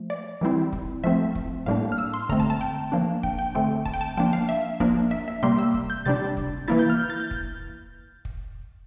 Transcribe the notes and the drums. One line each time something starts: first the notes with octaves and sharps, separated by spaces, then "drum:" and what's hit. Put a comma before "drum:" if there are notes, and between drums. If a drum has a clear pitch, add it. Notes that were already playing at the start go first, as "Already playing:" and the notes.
Already playing: F3 A3
D5
E3 G3 C4 E4
drum: kick
F3 A3 C4 E5
drum: kick
A2 G3 A#3 D4 F5
F6
E6
C6
D3 A3 C4 A#5, drum: kick
A5
A5
G5
F3 A#3 D4
G5, drum: kick
G5
D3 A3 C4 G5
A5, drum: kick
G5
A5
F3 A#3 D4 G5
F5
E5
F3 A#3 D4, drum: kick
E5
E5
C3 G3 A#3 C6
E6
drum: kick
G6
C3 G3 D4 A6
drum: kick
E3 A#3 E4 A6
G6
F6
G6
A6
G6
drum: kick
drum: kick